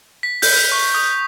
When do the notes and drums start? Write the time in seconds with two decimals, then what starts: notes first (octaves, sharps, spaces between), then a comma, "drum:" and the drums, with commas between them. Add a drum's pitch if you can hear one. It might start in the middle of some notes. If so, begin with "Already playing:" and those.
0.23 B6
0.42 G6, drum: open hi-hat
0.57 F7
0.72 C#6
0.94 D#6